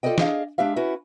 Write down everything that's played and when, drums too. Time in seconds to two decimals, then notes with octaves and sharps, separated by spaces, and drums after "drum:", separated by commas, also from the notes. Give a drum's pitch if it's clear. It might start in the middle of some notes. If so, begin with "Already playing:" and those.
0.03 F4 A4 C5 D5 D#5 G5
0.18 D4 G#4 D#5 F5, drum: snare
0.58 G#3 D4 G4 E5 F5
0.76 C#4 E4 F#4 B4